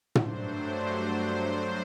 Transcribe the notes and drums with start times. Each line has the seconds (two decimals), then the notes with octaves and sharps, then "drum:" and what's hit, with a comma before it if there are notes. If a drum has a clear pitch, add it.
0.15 G2 F#3 A3 D4 C5, drum: tom
1.13 C5